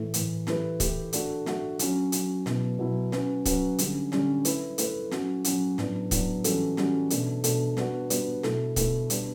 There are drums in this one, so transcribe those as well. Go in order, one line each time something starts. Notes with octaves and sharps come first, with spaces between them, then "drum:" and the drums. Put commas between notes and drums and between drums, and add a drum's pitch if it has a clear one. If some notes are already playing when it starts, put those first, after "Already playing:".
Already playing: A2 E3 A3
A2 E3 A3, drum: hi-hat
E3 A3 E4 G4 B4, drum: snare
E3 A3 E4 G4 B4, drum: kick C#1, hi-hat
A3 D4 F#4 A4, drum: hi-hat
A3 D4 F#4 A4, drum: snare
F#3 C#4 F#4, drum: hi-hat
F#3 C#4 F#4, drum: hi-hat
B2 F#3 B3 E4, drum: snare
B2 F#3 B3 E4
F#3 C#4 F#4 B4, drum: snare
F#3 C#4 F#4 B4, drum: kick C#1, hi-hat
D3 G3 C#4, drum: hi-hat
D3 G3 C#4, drum: snare
A3 E4 B4, drum: hi-hat
A3 E4 B4, drum: hi-hat
F#3 C#4 F#4, drum: snare
F#3 C#4 F#4, drum: hi-hat
A2 F#3 B3 D4, drum: snare
A2 F#3 B3 D4, drum: kick C#1, hi-hat
E3 G3 C#4 F#4 A4, drum: hi-hat
E3 G3 C#4 F#4 A4, drum: snare
B2 A3 D4 A4, drum: hi-hat
B2 A3 D4 A4, drum: hi-hat
G3 B3 D4 F#4, drum: snare
G3 B3 D4 F#4, drum: hi-hat
B2 A3 E4 A4, drum: snare
B2 A3 E4 A4, drum: kick C#1, hi-hat
B2 G3 B3 D4, drum: hi-hat